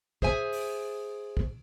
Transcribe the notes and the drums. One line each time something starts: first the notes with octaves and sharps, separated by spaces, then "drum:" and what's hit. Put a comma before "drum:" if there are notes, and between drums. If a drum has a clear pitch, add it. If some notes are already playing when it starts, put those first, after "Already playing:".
G#4 C5 E5 G#5, drum: kick
drum: open hi-hat
drum: kick